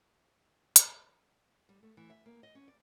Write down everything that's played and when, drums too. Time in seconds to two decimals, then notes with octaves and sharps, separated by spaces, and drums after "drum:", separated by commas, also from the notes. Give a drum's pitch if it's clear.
0.76 drum: hi-hat
1.69 G3
1.83 A3
1.97 E3
2.10 E5
2.26 A#3
2.43 D#5
2.55 C#4
2.68 D5